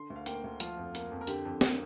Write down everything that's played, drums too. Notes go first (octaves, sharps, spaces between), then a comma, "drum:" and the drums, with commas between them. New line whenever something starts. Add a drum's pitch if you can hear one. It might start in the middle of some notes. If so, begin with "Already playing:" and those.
Already playing: D3 C6
D2
F5
A#3 G5, drum: hi-hat
D2
F3 F4, drum: hi-hat
F2
A#3, drum: hi-hat
F2
A#4
D3 G4, drum: hi-hat
F2
A#3, drum: snare